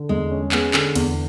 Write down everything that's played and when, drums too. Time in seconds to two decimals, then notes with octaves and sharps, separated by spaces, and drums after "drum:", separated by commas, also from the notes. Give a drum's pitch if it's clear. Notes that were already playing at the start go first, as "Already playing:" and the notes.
Already playing: D3
0.09 E2 G#3
0.31 C#4
0.52 G#3 B3, drum: clap
0.74 D3, drum: clap
0.95 E2, drum: cymbal